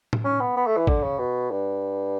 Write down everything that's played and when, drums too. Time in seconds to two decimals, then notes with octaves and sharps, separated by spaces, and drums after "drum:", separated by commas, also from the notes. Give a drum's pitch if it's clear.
0.13 drum: tom A2
0.25 C#4
0.40 B3
0.56 B3
0.66 A3
0.77 E3
0.87 D3, drum: kick
1.03 C#3
1.19 B2
1.51 G2